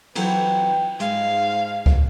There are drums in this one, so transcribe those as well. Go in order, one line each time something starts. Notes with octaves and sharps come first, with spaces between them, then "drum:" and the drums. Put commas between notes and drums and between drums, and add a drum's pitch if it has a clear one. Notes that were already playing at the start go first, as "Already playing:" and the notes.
E3 F#3 C4 B4 G5, drum: cymbal
G#2 G#3 F5, drum: hi-hat
drum: kick C#2